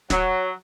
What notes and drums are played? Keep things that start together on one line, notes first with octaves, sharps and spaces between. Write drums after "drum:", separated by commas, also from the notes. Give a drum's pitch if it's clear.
F#3, drum: snare